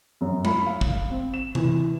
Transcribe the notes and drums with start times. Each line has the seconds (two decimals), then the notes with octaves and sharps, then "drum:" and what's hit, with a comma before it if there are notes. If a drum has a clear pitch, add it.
0.21 F#2
0.45 B5, drum: tom
0.66 F5
0.81 drum: kick
1.10 C4
1.34 E7
1.55 E3, drum: tom